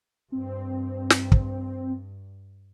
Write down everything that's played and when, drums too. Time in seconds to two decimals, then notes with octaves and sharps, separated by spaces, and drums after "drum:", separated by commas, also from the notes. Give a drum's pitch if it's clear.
0.32 G2 C4
1.10 drum: snare
1.32 drum: kick